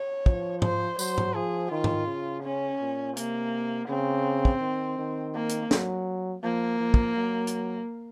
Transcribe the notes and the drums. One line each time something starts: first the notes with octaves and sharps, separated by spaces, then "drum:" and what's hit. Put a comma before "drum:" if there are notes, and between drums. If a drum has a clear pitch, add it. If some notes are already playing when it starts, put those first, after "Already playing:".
Already playing: C#5
F3, drum: kick
C5, drum: tom G#2
F#3 C5, drum: tambourine
drum: tom G#2
F3 G#4
D#3 F4
drum: tom G#2
C#3
C#4
A#2
C3 A#3, drum: hi-hat
C#3 C4
drum: kick
D#3
D#3
A#3
drum: hi-hat
F#3, drum: snare
F3 A#3
F3
drum: kick
F#3
drum: hi-hat